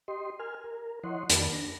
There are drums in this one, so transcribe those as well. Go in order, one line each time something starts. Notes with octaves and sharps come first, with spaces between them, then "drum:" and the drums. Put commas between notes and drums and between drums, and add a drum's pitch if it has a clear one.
G4 D#5 C6
A#4 G#5 F6
A#4
F3 E4 C#5 D#5 F#5 C6
F2 D#3 A#3 D5 A5 B5, drum: hi-hat
D4 A#6